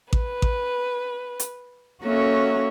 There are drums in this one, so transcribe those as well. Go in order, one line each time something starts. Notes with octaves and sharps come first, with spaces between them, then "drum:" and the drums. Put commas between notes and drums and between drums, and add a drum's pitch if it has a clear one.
B4, drum: kick A1
drum: kick A1
drum: hi-hat
A#3 C#4 F#4 A4 C#5 E5